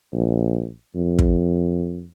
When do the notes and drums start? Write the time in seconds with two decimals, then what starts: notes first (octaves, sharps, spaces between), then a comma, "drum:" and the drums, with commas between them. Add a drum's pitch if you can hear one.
0.13 A#1
0.95 F2
1.19 drum: kick